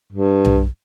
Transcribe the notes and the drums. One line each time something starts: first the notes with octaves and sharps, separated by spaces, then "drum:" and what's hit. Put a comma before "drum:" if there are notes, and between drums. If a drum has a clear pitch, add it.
G2
drum: tom B1